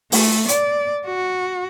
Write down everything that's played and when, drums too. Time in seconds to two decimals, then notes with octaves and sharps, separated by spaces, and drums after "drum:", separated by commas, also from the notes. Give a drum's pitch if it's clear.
0.12 A3, drum: open hi-hat
0.48 D5, drum: hi-hat
1.06 F#4